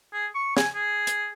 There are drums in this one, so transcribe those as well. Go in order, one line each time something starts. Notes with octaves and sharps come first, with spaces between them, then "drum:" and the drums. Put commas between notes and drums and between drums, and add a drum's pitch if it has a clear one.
G#4
C#6
G#5, drum: snare
G#4
drum: hi-hat